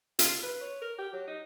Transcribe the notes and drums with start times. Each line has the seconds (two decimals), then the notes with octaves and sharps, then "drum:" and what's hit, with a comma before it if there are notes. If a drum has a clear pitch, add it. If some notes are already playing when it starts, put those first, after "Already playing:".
0.19 F4, drum: hi-hat
0.43 B4
0.61 C#5
0.81 A#4
0.99 G4
1.13 F#3
1.27 D#4